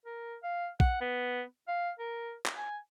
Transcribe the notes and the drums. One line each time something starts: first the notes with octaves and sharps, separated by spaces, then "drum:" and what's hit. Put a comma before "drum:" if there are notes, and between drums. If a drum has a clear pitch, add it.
A#4
F5
F#5, drum: kick
B3
F5
A#4
drum: clap
G#5